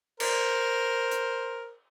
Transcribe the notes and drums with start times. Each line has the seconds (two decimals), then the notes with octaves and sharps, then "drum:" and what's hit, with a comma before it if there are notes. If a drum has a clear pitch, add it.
0.20 A#4 C5, drum: cymbal
1.11 drum: hi-hat